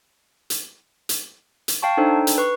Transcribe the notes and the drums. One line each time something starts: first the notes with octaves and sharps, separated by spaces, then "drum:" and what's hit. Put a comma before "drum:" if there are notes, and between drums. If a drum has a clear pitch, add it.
drum: hi-hat
drum: hi-hat
drum: hi-hat
F5 G5 A5 C#6
D4 D#4 A4 C5 G5
drum: hi-hat
B4 C#6